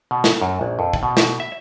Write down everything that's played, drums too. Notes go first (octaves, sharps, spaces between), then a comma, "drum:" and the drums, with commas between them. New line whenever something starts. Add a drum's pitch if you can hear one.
B2
drum: snare
F#2
A#1
F2
drum: kick
B2
drum: snare
E5